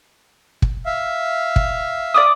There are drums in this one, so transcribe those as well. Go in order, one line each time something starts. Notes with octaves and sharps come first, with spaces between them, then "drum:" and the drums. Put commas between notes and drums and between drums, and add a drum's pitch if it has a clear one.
drum: kick
E5 F5
drum: kick
D5 D6 D#6